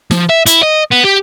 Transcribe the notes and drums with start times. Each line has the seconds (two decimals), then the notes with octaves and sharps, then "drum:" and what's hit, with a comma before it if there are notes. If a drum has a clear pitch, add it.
0.11 F3, drum: snare
0.29 E5
0.46 E4, drum: hi-hat
0.63 D#5
0.92 B3
1.05 G4